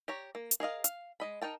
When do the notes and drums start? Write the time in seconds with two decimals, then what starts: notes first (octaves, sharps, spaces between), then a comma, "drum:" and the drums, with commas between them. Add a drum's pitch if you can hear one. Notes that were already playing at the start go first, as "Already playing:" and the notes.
0.08 G4 C#5 A#5
0.35 A#3
0.51 drum: hi-hat
0.60 G#4 A#4 D#5 F5
0.84 F5, drum: hi-hat
1.20 G#3 D#5 B5
1.42 D#4 A#4 G5 A5